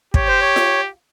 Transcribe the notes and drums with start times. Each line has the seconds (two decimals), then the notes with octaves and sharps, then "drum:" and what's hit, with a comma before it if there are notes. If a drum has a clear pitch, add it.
0.14 G4 C#5, drum: kick
0.28 C5
0.41 C#5
0.56 drum: snare F4